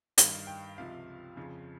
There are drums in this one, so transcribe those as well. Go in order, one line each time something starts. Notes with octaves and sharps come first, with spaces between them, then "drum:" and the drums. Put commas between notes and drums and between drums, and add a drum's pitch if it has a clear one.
G2 D#3 F5, drum: hi-hat
G5
C#2 C3 F3 F5
F2 C#3 F3